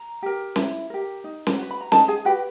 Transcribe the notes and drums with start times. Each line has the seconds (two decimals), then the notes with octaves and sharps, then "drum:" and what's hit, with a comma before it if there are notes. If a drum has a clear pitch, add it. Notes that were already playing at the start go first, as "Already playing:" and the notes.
Already playing: A#5
0.22 G4 A#4
0.56 E4, drum: snare
0.90 G4 A#4
1.24 D#4
1.47 drum: snare
1.58 F#4 B4
1.71 B5
1.81 A#5
1.92 D#4 A4 A5, drum: snare
2.08 G#4 G#5
2.25 F#4 G4 B4 G5